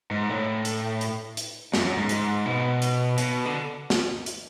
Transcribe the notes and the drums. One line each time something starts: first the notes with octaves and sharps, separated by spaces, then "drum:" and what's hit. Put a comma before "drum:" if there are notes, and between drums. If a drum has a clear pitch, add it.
G#2
A2
drum: hi-hat
drum: hi-hat
drum: hi-hat
F#2, drum: snare
F#2
G#2
G#2, drum: hi-hat
B2
drum: hi-hat
B2, drum: hi-hat
D3
drum: snare
drum: hi-hat